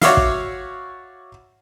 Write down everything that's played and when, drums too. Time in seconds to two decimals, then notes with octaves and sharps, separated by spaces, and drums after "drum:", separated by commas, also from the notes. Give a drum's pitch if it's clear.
0.01 F#4 C#5 D5 E5 F5, drum: snare
0.17 drum: kick